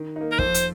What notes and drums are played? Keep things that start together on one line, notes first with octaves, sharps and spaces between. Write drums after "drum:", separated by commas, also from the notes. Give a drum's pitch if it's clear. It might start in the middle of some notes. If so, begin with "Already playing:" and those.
Already playing: D#3
A#3 D#4
A#4
F2 C5, drum: kick
drum: hi-hat